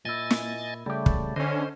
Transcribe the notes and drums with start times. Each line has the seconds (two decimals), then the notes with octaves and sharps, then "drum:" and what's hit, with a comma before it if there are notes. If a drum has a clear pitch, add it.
0.05 A#2 E4 D#5 G#5 A6
0.31 drum: snare
0.86 C#3 G3 A3 E4 G4
1.06 drum: kick
1.36 D3 C#4 C5 D#5